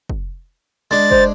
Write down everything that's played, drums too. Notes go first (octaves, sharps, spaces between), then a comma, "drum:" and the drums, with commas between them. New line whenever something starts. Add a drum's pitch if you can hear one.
drum: kick
G#3 D4 A6
C5, drum: kick